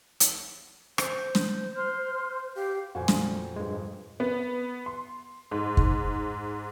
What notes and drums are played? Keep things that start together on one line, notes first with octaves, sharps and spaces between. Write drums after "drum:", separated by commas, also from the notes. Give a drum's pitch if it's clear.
drum: hi-hat
C5, drum: rim click
drum: snare
C6 F6
G4 F5
F2 A#2 F#4 C5 G#5
drum: snare
G2 G#3
B3
C6
G#2
drum: kick